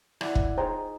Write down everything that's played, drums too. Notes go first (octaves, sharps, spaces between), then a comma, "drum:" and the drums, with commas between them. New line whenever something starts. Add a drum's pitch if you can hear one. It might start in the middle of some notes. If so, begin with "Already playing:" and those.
E4 D5 F#5, drum: rim click
drum: kick
D#4 G#4 C5 D#5 G5 A#5